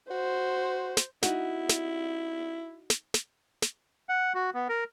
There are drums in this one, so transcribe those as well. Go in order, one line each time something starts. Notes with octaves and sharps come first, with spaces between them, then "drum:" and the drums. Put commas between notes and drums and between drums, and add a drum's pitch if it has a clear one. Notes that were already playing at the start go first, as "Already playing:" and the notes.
F#4 C5
drum: snare
D#4 E4 F#4, drum: snare
drum: snare
drum: snare
drum: snare
drum: snare
F#5
F#4
B3
A#4